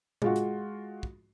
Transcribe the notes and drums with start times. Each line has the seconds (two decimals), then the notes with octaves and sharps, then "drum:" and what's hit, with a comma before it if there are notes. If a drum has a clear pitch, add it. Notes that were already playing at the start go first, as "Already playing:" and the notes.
0.22 G#3 F4 F#4, drum: tom A2
0.36 drum: hi-hat
1.03 drum: kick